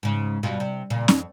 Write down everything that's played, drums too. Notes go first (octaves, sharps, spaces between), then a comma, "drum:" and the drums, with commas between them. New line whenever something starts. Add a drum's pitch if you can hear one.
G#2 C#3
G2 B2 F4
C3
A#2 C#3
F2, drum: snare